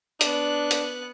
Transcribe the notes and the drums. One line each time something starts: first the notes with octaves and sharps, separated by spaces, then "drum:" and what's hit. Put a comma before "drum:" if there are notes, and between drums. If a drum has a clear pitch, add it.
B3 D4 F#6, drum: hi-hat
drum: hi-hat